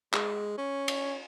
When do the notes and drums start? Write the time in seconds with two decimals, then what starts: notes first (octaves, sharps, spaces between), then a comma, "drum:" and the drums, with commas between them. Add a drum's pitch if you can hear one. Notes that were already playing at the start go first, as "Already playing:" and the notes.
0.14 G#3, drum: clap
0.58 C#4
0.88 drum: cymbal